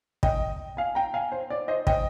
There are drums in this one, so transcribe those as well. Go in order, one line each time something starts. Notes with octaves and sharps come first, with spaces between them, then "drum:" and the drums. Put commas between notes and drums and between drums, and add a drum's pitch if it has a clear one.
D#5 G5, drum: kick
F5 G#5
G5 A#5
F5 G#5
C5
D5
C5 D#5
D#5 G5, drum: kick